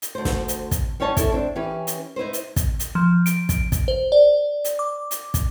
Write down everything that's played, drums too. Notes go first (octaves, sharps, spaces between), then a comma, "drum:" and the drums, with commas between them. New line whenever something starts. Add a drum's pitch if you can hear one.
drum: hi-hat
D2 C5
drum: snare
drum: hi-hat
drum: kick, hi-hat
G3 C#4 D#4 C#5 A5
E4 A4 C#5, drum: kick, hi-hat
C4 D4
E3 C#4 G4 B4
drum: hi-hat
D#4 E4 B4 C5
drum: hi-hat
drum: kick, hi-hat
drum: hi-hat
F3
D7, drum: hi-hat
drum: kick, hi-hat
drum: kick, hi-hat
C5
D5
drum: hi-hat
D6
drum: hi-hat
drum: kick, hi-hat